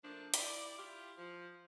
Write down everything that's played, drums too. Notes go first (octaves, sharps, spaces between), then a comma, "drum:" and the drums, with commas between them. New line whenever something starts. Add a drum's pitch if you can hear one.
F3 A3 A#3 D4
E4 G4 D5, drum: hi-hat
E4 F4 G4
F3